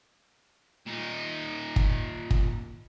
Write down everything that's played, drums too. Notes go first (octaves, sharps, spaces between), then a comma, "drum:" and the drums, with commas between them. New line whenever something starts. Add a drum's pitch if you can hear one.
A#2 D#4
drum: kick
drum: kick